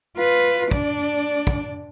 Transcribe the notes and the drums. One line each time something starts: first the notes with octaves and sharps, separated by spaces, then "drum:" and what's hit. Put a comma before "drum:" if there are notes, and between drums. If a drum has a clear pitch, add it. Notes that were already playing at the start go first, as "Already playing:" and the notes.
F4 B4
D4 D5, drum: kick
drum: kick